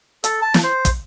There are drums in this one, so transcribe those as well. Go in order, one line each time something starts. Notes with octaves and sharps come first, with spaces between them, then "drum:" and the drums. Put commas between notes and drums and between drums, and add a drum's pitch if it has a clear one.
A4, drum: hi-hat
A5
drum: snare
C5
drum: kick, hi-hat